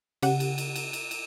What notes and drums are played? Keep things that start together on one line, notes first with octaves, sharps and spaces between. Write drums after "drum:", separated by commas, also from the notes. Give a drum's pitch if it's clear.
C#3 G4 F#5, drum: cymbal
drum: cymbal
drum: cymbal
drum: cymbal
drum: cymbal
drum: cymbal